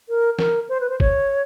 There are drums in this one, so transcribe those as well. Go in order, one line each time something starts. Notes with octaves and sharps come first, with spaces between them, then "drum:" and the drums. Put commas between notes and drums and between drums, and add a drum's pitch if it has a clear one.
A#4
A#4, drum: snare
C5
B4
C5
C#5, drum: kick G#1